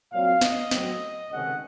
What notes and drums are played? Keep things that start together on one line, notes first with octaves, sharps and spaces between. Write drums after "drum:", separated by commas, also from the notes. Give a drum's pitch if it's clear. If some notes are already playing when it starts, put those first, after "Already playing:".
A#2 F#3 C4 F5
D#5, drum: snare
A2 F#3 C4, drum: snare
C#2 C3 D#3 A3 C#4 F#5